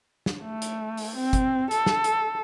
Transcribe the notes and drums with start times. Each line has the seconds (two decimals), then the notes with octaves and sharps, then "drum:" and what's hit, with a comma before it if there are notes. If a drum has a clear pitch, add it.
0.26 drum: snare
0.42 A3
0.62 drum: hi-hat
0.97 drum: open hi-hat
1.15 C4
1.33 drum: kick, hi-hat
1.71 A4, drum: hi-hat
1.86 drum: snare
2.04 drum: hi-hat